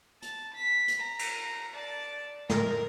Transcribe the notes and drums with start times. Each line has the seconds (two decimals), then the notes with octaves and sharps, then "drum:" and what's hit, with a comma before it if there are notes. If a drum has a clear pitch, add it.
0.22 A5, drum: hi-hat
0.55 B6
0.88 drum: hi-hat
1.00 A#5
1.19 drum: cymbal
1.73 D5 A5
2.49 A#4, drum: snare